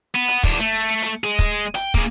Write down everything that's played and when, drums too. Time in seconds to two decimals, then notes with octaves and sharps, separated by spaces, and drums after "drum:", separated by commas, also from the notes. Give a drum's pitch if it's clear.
0.15 B3
0.28 drum: hi-hat
0.44 E2 D4, drum: kick
0.60 A3
1.02 drum: hi-hat
1.24 G#3 G#4
1.39 drum: kick, hi-hat
1.75 G5, drum: hi-hat
1.94 A#3 G#4, drum: kick